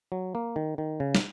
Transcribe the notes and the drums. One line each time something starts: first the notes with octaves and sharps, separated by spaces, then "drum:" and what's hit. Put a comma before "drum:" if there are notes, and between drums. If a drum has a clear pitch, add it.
F#3
A#3
D#3
D#3
C#3
drum: snare